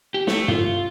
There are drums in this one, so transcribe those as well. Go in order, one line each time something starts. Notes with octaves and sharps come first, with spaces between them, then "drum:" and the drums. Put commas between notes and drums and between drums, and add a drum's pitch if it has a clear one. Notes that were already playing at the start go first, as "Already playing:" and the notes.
G4
A3, drum: snare
F4, drum: tom